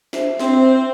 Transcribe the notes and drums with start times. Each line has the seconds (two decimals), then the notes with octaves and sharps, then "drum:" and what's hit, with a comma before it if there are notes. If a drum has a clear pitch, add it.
0.13 C5 E5, drum: snare
0.39 C4, drum: snare